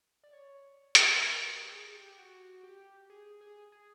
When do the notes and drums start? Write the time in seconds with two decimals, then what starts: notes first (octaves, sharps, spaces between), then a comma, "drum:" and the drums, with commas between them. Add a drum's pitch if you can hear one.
0.24 D5
0.33 C#5
0.95 B4, drum: hi-hat
1.26 A#4
1.49 G4
1.72 G#4
1.95 G4
2.18 F#4
2.64 G4
3.10 G#4
3.41 G#4
3.72 G#4